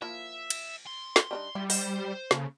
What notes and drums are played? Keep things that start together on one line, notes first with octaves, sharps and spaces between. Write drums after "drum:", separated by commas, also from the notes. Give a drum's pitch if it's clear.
F3 A#3 E4 E5
drum: cymbal
C6
drum: snare
G3 D4 D#4
G3 E4
C5 D#5 F#5, drum: open hi-hat
C#3 A#3 A4 C5, drum: snare